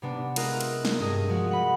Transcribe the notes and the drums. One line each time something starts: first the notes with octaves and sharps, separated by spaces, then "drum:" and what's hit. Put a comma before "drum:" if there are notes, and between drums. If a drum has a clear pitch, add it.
C3 B3 D4
G#3 F4 A#4 D#5 E5 F#6, drum: cymbal
drum: cymbal
drum: snare
G2 G#4 D#5
F3 G#3 F#4
F#5 B5